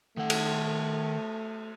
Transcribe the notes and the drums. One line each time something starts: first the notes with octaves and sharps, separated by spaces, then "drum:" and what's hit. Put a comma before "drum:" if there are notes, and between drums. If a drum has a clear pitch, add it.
D#3 A3 F#5
drum: cymbal